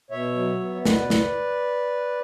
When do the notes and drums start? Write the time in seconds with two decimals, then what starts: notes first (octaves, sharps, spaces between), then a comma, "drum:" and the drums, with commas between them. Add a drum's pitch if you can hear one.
0.11 B2 C#5 E5
0.35 F#3
0.60 B3
0.85 B2 B4 D5, drum: snare
1.10 drum: snare